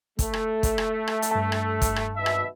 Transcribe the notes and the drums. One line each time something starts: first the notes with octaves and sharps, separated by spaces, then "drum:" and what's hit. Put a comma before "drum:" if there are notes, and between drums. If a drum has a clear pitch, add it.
A3, drum: kick, hi-hat
drum: rim click
drum: kick, hi-hat
drum: rim click
drum: rim click
drum: hi-hat
G2 A5
drum: rim click
drum: kick, hi-hat
drum: rim click
G#1 B2 E5
drum: rim click